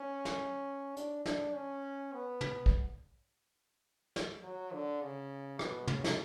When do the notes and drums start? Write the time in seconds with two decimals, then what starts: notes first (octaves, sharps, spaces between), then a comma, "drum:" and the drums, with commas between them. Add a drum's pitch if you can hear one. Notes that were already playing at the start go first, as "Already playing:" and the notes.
Already playing: C#4
0.25 drum: snare
0.97 D4, drum: hi-hat
1.26 D4, drum: snare
1.55 C#4
2.13 B3
2.41 drum: tom
2.66 drum: kick
4.16 drum: snare
4.43 F#3
4.73 D3
5.02 C#3
5.59 B2, drum: rim click
5.87 C#3, drum: tom
6.04 drum: snare